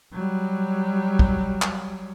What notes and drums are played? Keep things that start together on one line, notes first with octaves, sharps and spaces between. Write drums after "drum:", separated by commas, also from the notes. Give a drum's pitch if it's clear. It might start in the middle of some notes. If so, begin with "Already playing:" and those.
F#3 G3
drum: kick
drum: clap